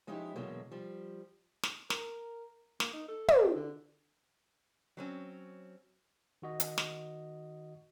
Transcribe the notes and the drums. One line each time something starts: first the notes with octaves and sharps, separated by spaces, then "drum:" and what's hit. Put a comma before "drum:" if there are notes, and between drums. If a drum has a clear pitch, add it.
F3 G#3 C#4 D#4 E4 G4
E2 B2 D3 F#3 G#3 A#3
F3 G3
drum: snare
A#4, drum: snare
A#3, drum: snare
D#4
A4
D5, drum: tom
C4
D3
F#3 C4 C#4
D#3 F#4 D#5
drum: hi-hat
drum: snare